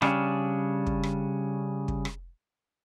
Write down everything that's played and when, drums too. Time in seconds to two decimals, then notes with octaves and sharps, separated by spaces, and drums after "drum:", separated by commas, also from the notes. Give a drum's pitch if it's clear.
0.02 C#3 G3 C#4 D4, drum: rim click
0.87 drum: kick
1.03 drum: rim click
1.88 drum: kick
2.05 drum: rim click